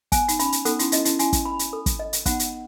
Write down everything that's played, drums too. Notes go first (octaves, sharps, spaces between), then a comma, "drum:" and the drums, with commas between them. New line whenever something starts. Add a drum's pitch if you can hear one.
B3 G#5, drum: kick, hi-hat
D#4, drum: hi-hat
C#4 B5, drum: hi-hat
drum: hi-hat
B3 D#4 A4, drum: hi-hat
C#4 E4, drum: hi-hat
C#4 E4 D#5, drum: hi-hat
C#4 E4, drum: hi-hat
C#4 E4 G#5, drum: hi-hat
drum: kick, hi-hat
B5
drum: hi-hat
A4
drum: kick, hi-hat
D#5
drum: hi-hat
B3 D#4 F#5, drum: kick, hi-hat
drum: hi-hat